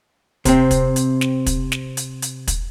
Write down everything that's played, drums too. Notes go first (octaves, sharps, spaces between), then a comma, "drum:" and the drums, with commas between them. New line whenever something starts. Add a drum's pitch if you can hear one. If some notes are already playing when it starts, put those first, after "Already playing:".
C3 C4, drum: kick, hi-hat
drum: kick, hi-hat
drum: hi-hat
drum: snare
drum: kick, hi-hat
drum: snare
drum: hi-hat
drum: hi-hat
drum: kick, hi-hat